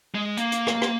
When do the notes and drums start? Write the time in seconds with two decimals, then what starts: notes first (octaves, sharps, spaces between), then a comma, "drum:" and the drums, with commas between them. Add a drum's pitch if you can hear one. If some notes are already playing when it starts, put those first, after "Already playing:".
0.15 G#3
0.37 A#3, drum: hi-hat
0.52 drum: hi-hat
0.67 drum: rim click
0.82 drum: rim click